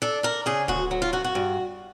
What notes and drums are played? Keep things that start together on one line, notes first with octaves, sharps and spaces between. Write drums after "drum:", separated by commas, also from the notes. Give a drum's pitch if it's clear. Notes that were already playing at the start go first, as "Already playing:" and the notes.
D4 A4
D4 A#4
C#3 G#4
D2 F#4, drum: kick D1
F#3
F4
F#2 F#4
F#4
G2